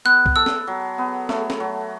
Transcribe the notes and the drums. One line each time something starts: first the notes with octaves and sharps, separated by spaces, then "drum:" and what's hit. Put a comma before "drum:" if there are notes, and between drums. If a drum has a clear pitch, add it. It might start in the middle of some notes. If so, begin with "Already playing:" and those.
B3 F#6
drum: kick
A4 E6
drum: snare
F#3
B3
A3, drum: snare
drum: snare
F#3